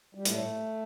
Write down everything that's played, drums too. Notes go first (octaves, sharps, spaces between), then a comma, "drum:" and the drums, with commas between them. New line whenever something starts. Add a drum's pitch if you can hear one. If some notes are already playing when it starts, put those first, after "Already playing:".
G3
A2 A3, drum: hi-hat